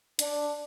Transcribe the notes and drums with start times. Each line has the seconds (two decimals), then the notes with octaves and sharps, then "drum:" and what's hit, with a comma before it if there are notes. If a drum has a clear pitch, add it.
0.19 D4, drum: hi-hat